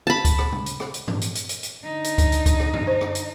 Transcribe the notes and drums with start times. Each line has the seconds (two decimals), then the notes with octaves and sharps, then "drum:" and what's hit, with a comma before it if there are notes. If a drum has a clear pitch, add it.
0.07 A5 B5
0.25 drum: kick C#2, hi-hat
0.38 drum: rim click
0.52 drum: tom
0.66 drum: hi-hat
0.80 drum: rim click
0.94 drum: hi-hat
1.08 drum: tom G2
1.21 drum: hi-hat
1.35 drum: hi-hat
1.49 drum: hi-hat
1.63 drum: hi-hat
1.84 D3 D#4
2.04 drum: hi-hat
2.18 drum: kick C#2, hi-hat
2.32 drum: hi-hat
2.46 drum: kick C#2, hi-hat
2.60 drum: rim click
2.73 drum: tom F#2
2.87 C5
3.01 drum: rim click
3.15 drum: hi-hat